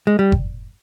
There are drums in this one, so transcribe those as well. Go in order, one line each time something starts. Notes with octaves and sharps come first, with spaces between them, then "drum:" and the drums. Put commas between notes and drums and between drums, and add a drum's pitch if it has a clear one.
G#3
G3
drum: kick F#1